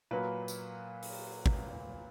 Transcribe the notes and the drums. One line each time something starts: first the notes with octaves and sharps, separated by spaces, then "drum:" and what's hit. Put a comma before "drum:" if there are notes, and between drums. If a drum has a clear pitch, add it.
A#2 F#3 A#3 B4
drum: tambourine
drum: open hi-hat
drum: kick